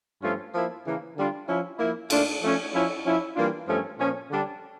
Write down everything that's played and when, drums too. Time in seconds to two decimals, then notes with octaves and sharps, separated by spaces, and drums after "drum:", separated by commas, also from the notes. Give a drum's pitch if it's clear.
0.22 G2 F3 A3 C#4 F4
0.53 F3 A#3 E4
0.85 C#3 E3 A#3
1.16 D3 G3 D4 F4
1.47 F3 C#4 E4
1.78 F3 A#3 E4
2.10 A#2 A3 D4 F4, drum: cymbal
2.41 F3 A3 C#4
2.72 F3 C#4 E4
3.04 F3 C#4 E4
3.35 E3 G3 A#3 D4 F4
3.67 G2 F3 A3 C#4
3.98 A#2 F3 C#4
4.29 D3 G3 D4